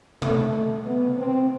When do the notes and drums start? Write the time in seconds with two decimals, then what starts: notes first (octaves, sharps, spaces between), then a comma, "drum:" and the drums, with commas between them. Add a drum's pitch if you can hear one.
0.22 A3, drum: tom B2
0.85 B3
1.17 C4